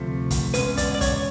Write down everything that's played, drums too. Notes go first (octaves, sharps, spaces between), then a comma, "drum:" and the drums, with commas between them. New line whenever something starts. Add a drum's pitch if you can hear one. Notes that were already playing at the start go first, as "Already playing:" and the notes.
Already playing: D2 C3 F3 A3
drum: kick, hi-hat
E2 B2 G#3 C#4 B4, drum: hi-hat
D5, drum: kick, hi-hat
D5
C#5, drum: kick, hi-hat